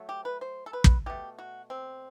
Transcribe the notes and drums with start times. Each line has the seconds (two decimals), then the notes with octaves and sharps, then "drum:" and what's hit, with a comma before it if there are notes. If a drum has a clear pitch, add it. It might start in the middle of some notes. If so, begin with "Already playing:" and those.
Already playing: F#3 A3
0.09 G4
0.25 B4
0.41 C5
0.66 A4
0.73 B4
0.84 drum: kick
1.06 B2 A3 G4
1.39 F#4
1.70 C4